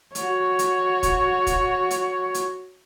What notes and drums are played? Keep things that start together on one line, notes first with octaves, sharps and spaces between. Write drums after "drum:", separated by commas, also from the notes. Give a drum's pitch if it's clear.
F#4 C#5, drum: hi-hat
drum: hi-hat
drum: kick, hi-hat
drum: kick, hi-hat
drum: hi-hat
drum: hi-hat